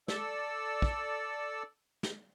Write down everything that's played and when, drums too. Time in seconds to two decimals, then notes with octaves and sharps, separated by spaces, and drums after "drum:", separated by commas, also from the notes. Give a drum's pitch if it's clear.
0.08 A4 D5 E6, drum: snare
0.82 drum: kick
2.03 drum: snare